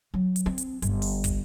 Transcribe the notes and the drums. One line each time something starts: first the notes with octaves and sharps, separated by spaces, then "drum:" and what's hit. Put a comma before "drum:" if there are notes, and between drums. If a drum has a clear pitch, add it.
F#3
drum: hi-hat
C4
drum: hi-hat
G1, drum: hi-hat
drum: open hi-hat
drum: kick, hi-hat